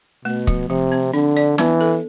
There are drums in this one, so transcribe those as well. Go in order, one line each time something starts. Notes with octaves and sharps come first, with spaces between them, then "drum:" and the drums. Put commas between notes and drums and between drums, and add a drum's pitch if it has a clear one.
B2 A3
F3, drum: kick C#1
C3 F3
C4
D3 D4
D5
E3 B3, drum: snare
A4